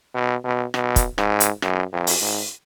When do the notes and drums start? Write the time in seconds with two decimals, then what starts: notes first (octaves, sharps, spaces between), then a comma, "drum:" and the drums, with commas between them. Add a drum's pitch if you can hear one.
0.14 B2
0.44 B2
0.74 B2, drum: rim click
0.96 drum: kick, hi-hat
1.18 G#2, drum: rim click
1.40 drum: hi-hat
1.62 F#2, drum: rim click
1.92 F2
2.07 drum: open hi-hat
2.21 G#2